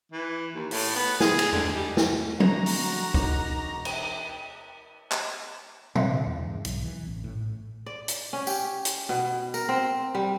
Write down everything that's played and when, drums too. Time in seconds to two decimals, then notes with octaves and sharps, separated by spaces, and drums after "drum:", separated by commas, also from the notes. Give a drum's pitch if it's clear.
0.12 E3
0.54 D#2
0.71 A2, drum: open hi-hat
0.95 B3
1.20 G#4, drum: snare
1.39 drum: cymbal
1.52 D3, drum: tom E2
1.74 G3
1.97 drum: snare
2.40 D3 A3 F#4 A#5, drum: tom F3
2.66 drum: open hi-hat
3.14 E1 D#4 D6, drum: kick
3.85 drum: cymbal
5.12 drum: clap
5.95 C4, drum: tom A#2
6.12 D3
6.26 E2
6.46 G#2
6.65 B1, drum: hi-hat
6.84 E3
7.07 A1
7.24 A2
7.86 D5
8.08 drum: hi-hat
8.33 C#4
8.47 G4, drum: tambourine
8.85 drum: hi-hat
9.09 B2, drum: rim click
9.54 A#4, drum: tambourine
9.69 C4
10.15 G3